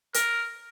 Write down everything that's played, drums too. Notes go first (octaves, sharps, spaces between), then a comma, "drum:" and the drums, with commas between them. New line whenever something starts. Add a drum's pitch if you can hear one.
A#4, drum: hi-hat